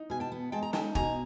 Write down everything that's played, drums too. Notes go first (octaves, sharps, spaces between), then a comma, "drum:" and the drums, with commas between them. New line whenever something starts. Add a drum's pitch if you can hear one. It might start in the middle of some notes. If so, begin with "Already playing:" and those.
Already playing: D#4
B2 G#5
G5 A5
B3
G#3 G5 A5
A#5
D#4 G5 A5, drum: snare
B2 G#5 A#5, drum: kick